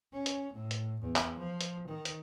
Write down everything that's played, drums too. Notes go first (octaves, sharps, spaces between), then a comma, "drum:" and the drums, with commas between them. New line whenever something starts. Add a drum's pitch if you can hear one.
C#4
drum: hi-hat
A2
drum: hi-hat
E2
drum: clap
F3
drum: hi-hat
D#3
drum: hi-hat